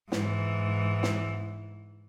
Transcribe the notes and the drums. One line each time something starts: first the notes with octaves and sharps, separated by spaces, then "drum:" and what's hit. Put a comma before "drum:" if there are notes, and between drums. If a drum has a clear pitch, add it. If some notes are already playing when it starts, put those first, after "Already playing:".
G#2 E3, drum: snare
drum: snare